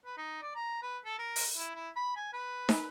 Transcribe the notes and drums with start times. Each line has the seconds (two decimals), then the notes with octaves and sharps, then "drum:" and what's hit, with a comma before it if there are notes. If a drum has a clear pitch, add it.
0.05 B4
0.17 D#4
0.42 D5
0.55 A#5
0.82 B4
1.05 A4
1.19 A#4
1.36 drum: open hi-hat
1.57 E4
1.75 E4
1.96 B5
2.16 G#5
2.33 B4
2.69 drum: snare